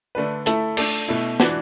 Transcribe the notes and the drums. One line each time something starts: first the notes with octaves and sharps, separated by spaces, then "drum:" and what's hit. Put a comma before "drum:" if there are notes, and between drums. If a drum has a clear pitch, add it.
D3 A3 D4 B4
A3 E4 A4, drum: hi-hat
A3 D4 A4 D5, drum: cymbal
B2 A3 E4
E3 D4 F#4 D5, drum: snare